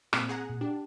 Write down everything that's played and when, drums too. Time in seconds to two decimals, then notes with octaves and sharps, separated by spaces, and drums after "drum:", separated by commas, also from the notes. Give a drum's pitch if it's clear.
0.13 A#2 C4, drum: rim click
0.29 G#4 F#5 A#5
0.50 A#2
0.61 D4 G4